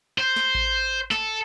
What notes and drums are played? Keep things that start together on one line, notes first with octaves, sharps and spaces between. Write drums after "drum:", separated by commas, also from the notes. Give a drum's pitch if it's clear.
C5
drum: snare
drum: kick A1
A4, drum: snare